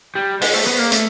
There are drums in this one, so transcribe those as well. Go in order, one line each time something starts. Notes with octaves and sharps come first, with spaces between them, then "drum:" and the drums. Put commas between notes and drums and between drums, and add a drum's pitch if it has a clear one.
G3
G#3, drum: open hi-hat
A3
B3
A#3
A3, drum: hi-hat